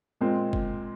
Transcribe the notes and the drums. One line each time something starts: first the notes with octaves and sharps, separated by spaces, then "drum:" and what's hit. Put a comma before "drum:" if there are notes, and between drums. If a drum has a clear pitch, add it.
A#2 G#3 C4
drum: kick